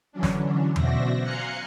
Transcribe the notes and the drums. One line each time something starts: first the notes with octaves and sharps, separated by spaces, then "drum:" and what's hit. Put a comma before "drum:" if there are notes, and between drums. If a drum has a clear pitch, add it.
D3 E3 F#3 C#4 D4
drum: snare
B2 F#4 C5 D5 E5 A#6, drum: tom E2
F5 G#5 A#5 C6 F#6 C#7